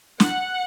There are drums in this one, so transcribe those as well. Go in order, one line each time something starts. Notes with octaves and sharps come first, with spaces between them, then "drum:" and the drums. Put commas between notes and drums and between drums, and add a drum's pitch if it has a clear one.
F#5, drum: snare